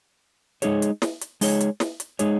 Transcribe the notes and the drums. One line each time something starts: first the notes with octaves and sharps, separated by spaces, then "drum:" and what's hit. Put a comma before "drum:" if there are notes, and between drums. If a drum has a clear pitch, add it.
G#3 D#4 G#4 C#5, drum: hi-hat
drum: hi-hat
drum: snare
drum: hi-hat
G#3 D#4 G#4 C#5, drum: open hi-hat
drum: hi-hat
drum: snare
drum: hi-hat
G#3 D#4 G#4 C#5, drum: hi-hat